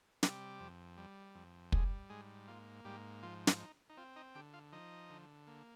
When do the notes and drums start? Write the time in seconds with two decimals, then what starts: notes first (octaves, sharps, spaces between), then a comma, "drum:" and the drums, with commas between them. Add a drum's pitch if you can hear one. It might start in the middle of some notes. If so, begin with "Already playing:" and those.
0.23 C3 G3 G4, drum: snare
0.60 F2
0.97 G3
1.35 F2
1.72 G3 G#3 G#4, drum: kick
2.10 G#2 G#3 G#4
2.48 A#3 F4
2.85 G#2 G3 G4
3.23 F3 F4
3.47 drum: snare
3.60 D#4
3.90 D#4
3.97 C4 F4
4.16 D#4 D#5
4.35 D3 G4 G5
4.54 F4 F5
4.72 F3 D#4 D#5
5.10 D3
5.47 A#3